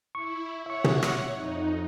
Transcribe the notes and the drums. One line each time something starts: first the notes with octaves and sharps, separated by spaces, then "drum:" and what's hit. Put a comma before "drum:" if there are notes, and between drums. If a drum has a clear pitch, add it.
E4 C#6
C#5 E5 F#5 C#6
drum: tom
drum: rim click
F2 D#4